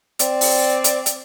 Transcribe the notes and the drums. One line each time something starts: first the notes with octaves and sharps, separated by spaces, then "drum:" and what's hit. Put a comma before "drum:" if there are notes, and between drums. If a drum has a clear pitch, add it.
C4 D5, drum: hi-hat
drum: open hi-hat
drum: hi-hat
drum: hi-hat